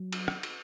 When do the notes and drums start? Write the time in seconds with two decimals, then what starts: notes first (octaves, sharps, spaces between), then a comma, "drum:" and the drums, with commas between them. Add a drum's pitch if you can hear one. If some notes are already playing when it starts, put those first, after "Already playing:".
Already playing: F#3
0.12 drum: cymbal
0.28 drum: rim click
0.43 drum: cymbal